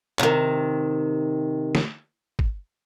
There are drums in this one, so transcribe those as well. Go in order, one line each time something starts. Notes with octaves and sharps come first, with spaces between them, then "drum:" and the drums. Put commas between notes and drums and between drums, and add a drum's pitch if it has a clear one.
C3 D#3, drum: clap
drum: snare
drum: kick